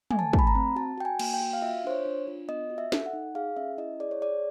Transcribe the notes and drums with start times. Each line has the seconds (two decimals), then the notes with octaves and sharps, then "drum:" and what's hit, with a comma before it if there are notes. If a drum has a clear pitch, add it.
0.11 A3 G#5, drum: tom
0.19 A5
0.33 A3, drum: kick
0.39 B5
0.47 A#5
0.55 C4
0.76 F#4 A5
0.98 F#4 G5
1.05 G#5
1.19 A#3, drum: cymbal
1.34 G5
1.41 F#4
1.53 F5
1.62 F4 E5
1.84 D4 C5
1.91 C#5
2.06 D4
2.27 F4
2.48 B3 D#5
2.70 F#4
2.78 E5
2.92 A4, drum: snare
3.06 F#5
3.13 D#4
3.35 G#4 F5
3.56 C#4 E5
3.78 E4 D#5
4.00 G#4 D5
4.11 C#5
4.21 G#4 D5